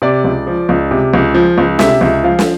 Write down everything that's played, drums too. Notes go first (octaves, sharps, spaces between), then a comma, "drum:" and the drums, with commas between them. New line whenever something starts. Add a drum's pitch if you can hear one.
C3 D5
C#2
F3
C#2
C3
C#2
F3
C#2
C3 E5, drum: snare
C#2
F3 F5
drum: snare